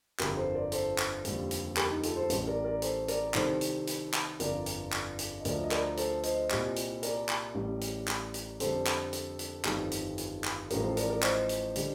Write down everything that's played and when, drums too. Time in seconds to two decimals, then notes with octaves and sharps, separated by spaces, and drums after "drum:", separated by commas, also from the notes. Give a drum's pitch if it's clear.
0.19 G1 F2 D3 G4 A#4, drum: clap
0.37 A4 C5
0.54 A#4 D5
0.72 A4 C5, drum: hi-hat
0.98 drum: clap
1.25 F1 D#2 D3 G3, drum: hi-hat
1.51 drum: hi-hat
1.77 G4 A#4, drum: clap
1.90 D#4 G4
2.03 F4 A4, drum: hi-hat
2.16 A4 C5
2.30 A1 A2 G3, drum: hi-hat
2.47 A#4 D5
2.64 A#4 D5
2.82 A4 C5, drum: hi-hat
3.08 A#4 D5, drum: hi-hat
3.34 C2 C3 D#3 G3 A4 C5, drum: clap
3.61 drum: hi-hat
3.87 drum: hi-hat
4.14 drum: clap
4.40 G1 F2 D3 A#4 D5, drum: hi-hat
4.66 drum: hi-hat
4.92 drum: clap
5.19 drum: hi-hat
5.40 D#5
5.45 D2 D3 F3 A#4 D5, drum: hi-hat
5.64 D#5
5.71 A#4 D5, drum: clap
5.97 A4 C5, drum: hi-hat
6.23 C5 D#5, drum: hi-hat
6.50 C2 A#2 G3, drum: clap
6.76 drum: hi-hat
7.03 A#4 D5, drum: hi-hat
7.29 drum: clap
7.55 A1 A2 G3
7.81 drum: hi-hat
8.08 drum: clap
8.34 drum: hi-hat
8.60 F2 D3 G3 A4 C5, drum: hi-hat
8.86 drum: clap
9.13 drum: hi-hat
9.39 drum: hi-hat
9.65 G1 F2 D#3 G3, drum: clap
9.92 drum: hi-hat
10.18 drum: hi-hat
10.44 drum: clap
10.70 A1 A2 F3 G4 A#4, drum: hi-hat
10.83 A4 C5
10.97 A#4 D5, drum: hi-hat
11.10 A#4 D5
11.23 C5 D#5, drum: clap
11.49 drum: hi-hat
11.76 D3 G3, drum: hi-hat